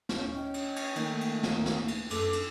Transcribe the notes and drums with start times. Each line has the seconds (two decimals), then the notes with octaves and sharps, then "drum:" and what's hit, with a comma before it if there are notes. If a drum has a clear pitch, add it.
0.09 drum: snare
0.18 C#4
0.35 D#5 G5
0.54 drum: cymbal
0.76 drum: cymbal
0.96 D#3 A3 A#3, drum: cymbal
1.21 drum: cymbal
1.43 drum: snare
1.66 drum: snare
1.88 drum: cymbal
2.10 F#2 A4 D6, drum: cymbal
2.33 drum: cymbal